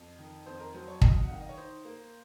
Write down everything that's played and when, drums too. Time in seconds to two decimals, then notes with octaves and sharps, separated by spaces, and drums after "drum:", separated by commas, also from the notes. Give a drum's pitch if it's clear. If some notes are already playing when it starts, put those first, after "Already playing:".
Already playing: F2
0.18 D#3
0.46 F2 C5
0.60 A#4
0.74 F#3 C5
0.88 C#5
1.02 C3 D#5, drum: kick
1.23 F#5
1.30 D#3 F5
1.40 D#5
1.49 C#5
1.57 D#4 C5
1.85 A#3